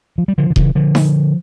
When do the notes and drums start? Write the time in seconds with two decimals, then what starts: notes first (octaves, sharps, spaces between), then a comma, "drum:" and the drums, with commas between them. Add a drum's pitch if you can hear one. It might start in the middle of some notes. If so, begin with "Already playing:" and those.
0.18 F3
0.28 G3
0.38 D3 F3
0.50 D3
0.56 C#3 E3, drum: kick D#1
0.75 D3 F3
0.95 drum: snare D#4